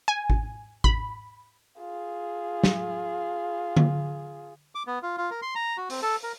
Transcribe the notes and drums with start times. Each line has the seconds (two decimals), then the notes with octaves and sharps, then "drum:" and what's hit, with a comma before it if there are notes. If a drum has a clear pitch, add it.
0.08 G#5
0.30 drum: kick G#1
0.84 B5, drum: kick G#1
1.79 F4 G#4
2.63 drum: snare
3.77 drum: tom D3
4.75 D6
4.87 B3
5.03 F4
5.18 F4
5.31 A#4
5.42 C6
5.55 A#5
5.77 F#4
5.90 C4, drum: open hi-hat
6.02 A4
6.23 A#4